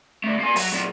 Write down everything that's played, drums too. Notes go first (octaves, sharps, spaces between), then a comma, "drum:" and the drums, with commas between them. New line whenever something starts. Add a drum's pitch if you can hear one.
D3 A3
A#3 G#5
F#3, drum: open hi-hat
A#2 F#3